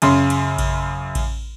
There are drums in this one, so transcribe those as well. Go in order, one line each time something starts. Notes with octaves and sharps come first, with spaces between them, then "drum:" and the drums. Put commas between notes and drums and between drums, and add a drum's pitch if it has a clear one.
F#2 C#3 C6, drum: cymbal
drum: cymbal
drum: kick A1, cymbal
drum: kick A1, cymbal